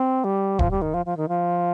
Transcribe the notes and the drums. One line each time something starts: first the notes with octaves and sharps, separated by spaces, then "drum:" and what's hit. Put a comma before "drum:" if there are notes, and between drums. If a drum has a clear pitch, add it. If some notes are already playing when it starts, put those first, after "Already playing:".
Already playing: C4
G3
F3, drum: kick
G3
D#3
F3
F3
D#3
F3